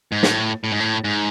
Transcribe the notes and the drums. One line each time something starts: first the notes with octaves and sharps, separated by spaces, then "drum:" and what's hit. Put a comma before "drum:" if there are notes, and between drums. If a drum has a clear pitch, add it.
G#2
A2, drum: snare
A2
G#2
A2
G#2